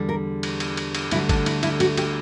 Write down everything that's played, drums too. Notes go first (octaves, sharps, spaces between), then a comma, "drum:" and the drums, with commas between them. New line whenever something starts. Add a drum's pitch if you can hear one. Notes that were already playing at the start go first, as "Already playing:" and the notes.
Already playing: E2 D3 G3
A#4
drum: cymbal
drum: cymbal
drum: cymbal
drum: cymbal
D2 D3 G3 E4, drum: cymbal
D4, drum: kick, cymbal
E4, drum: cymbal
E4, drum: cymbal
F#4, drum: cymbal
G4, drum: cymbal